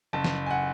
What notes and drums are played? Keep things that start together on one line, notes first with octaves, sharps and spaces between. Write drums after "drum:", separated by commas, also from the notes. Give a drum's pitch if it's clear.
F#1 A5
drum: snare
G#5
F#5